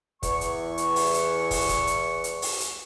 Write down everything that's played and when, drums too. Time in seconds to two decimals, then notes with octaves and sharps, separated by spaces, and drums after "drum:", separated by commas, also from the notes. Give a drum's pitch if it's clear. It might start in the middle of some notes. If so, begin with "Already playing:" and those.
0.23 E2 C#6, drum: kick, hi-hat
0.41 drum: hi-hat
0.78 drum: hi-hat
0.96 drum: open hi-hat
1.14 drum: hi-hat
1.51 drum: kick, open hi-hat
1.69 drum: kick, hi-hat
1.87 drum: hi-hat
2.24 drum: hi-hat
2.42 drum: open hi-hat
2.60 drum: hi-hat